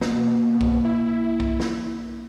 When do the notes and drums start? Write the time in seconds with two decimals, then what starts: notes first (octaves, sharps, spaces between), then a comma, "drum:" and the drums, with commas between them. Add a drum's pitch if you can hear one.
0.01 B2 A#3, drum: snare
0.61 drum: kick B1
0.85 E4
1.40 drum: kick B1
1.60 drum: snare